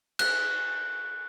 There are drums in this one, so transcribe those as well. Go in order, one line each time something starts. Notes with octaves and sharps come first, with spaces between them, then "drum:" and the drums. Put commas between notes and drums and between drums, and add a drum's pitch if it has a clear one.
F#6, drum: cymbal